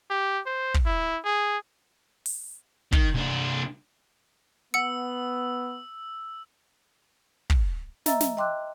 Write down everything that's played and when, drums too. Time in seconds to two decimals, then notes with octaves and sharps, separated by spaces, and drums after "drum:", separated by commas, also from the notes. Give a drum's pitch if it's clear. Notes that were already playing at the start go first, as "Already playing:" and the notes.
0.10 G4
0.46 C5
0.74 drum: kick
0.86 E4
1.24 G#4
2.26 drum: open hi-hat
2.92 D#3, drum: kick
3.15 C2 D4
4.74 B3 F#5 E6 C#7
7.50 drum: kick
8.06 D#5 E5 A#5 E6 A6, drum: snare
8.20 drum: snare
8.37 D#5 G5 C6 D6 E6 F#6